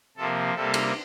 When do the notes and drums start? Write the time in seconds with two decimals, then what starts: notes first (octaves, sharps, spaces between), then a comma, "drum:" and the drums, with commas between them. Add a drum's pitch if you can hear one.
0.17 C3 F3 A#3 A4
0.55 C3 G3 A#3 A4
0.74 drum: cymbal